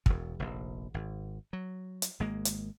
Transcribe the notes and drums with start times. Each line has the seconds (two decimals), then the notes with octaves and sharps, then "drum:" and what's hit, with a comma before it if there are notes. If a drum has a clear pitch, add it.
0.06 E1 E2, drum: kick
0.39 F1 A#1
0.94 G#1
1.53 F#3
2.02 drum: hi-hat
2.20 G#1 G#3 A#3
2.45 drum: hi-hat